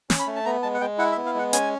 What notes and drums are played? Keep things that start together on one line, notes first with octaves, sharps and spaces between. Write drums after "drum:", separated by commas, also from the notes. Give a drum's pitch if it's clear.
C#4, drum: snare
B5
A3
A5
B3 A#5
G#3 A5
F#5
G#3 G5
E4 F#5
E5
B3
F5
G#3 F#5
C#4 G#5, drum: hi-hat